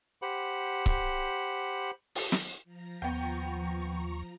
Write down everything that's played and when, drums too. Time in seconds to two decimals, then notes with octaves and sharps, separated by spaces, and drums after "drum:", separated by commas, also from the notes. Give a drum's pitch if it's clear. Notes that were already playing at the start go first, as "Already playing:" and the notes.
0.22 G4 C5 F#5 B5
0.86 drum: kick C#1
2.15 drum: open hi-hat
2.32 drum: snare
2.64 F3 A#5
3.02 D#2 B3 G5 C#6